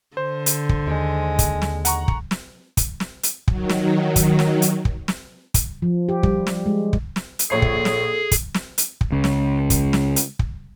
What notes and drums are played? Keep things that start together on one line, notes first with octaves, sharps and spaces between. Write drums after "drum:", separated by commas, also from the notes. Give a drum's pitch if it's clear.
D3 C5
drum: hi-hat
drum: kick
D#2 G#3
drum: kick, hi-hat
drum: snare
F#5 A#5 C#6, drum: hi-hat
drum: kick
drum: snare
drum: kick, hi-hat
drum: snare
drum: hi-hat
D#3 F#3, drum: kick
drum: snare
drum: kick, hi-hat
drum: snare
drum: hi-hat
drum: kick
drum: snare
drum: kick, hi-hat
F3
G4
G3, drum: kick
drum: snare
G#3
drum: kick
drum: snare
drum: hi-hat
A#1 G#4 A4 C#5 C7
drum: kick
drum: snare
drum: kick, hi-hat
drum: snare
drum: hi-hat
drum: kick
C#2 C#3
drum: snare
drum: kick, hi-hat
drum: snare
drum: hi-hat
drum: kick